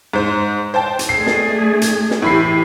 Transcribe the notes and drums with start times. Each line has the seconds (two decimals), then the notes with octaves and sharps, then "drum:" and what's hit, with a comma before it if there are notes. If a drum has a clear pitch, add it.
0.13 G#2 C5
0.74 C5 G5 A5
0.99 drum: hi-hat
1.09 A3 D4 G#4 C7
1.27 drum: snare
1.82 drum: hi-hat
2.11 drum: snare
2.22 A2 E3 G4 B5 C7